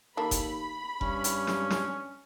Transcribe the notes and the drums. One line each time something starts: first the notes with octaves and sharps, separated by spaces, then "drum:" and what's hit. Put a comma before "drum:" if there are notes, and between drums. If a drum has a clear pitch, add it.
D#2 A#3 A4 B5
drum: kick F1, hi-hat
G2 C#4, drum: kick F1
drum: hi-hat
drum: snare
drum: snare